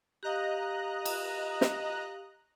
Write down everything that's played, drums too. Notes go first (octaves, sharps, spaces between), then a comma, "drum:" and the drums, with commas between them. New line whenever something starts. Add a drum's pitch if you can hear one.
G4 D#5 F5 A#5 F#6
drum: cymbal
drum: snare